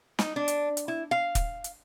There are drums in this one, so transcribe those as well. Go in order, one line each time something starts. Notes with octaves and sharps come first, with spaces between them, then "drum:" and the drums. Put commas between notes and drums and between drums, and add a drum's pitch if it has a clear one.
D#4, drum: snare
D4
drum: hi-hat
drum: hi-hat
E4
F5
drum: kick, hi-hat
drum: hi-hat